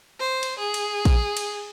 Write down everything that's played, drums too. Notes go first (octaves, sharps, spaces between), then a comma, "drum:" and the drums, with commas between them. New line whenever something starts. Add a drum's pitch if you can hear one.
C5
drum: cymbal
G#4
drum: cymbal
drum: kick, cymbal
drum: cymbal